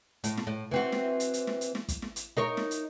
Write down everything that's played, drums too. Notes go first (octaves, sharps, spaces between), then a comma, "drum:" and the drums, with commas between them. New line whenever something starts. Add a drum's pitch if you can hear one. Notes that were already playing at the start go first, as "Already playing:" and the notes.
A2, drum: hi-hat
drum: snare
A2
E3 C4 F#4
drum: snare
drum: hi-hat
drum: hi-hat
drum: snare
drum: hi-hat
drum: snare
drum: kick, hi-hat
drum: snare
drum: hi-hat
D#4 A#4 C#5
drum: snare
drum: hi-hat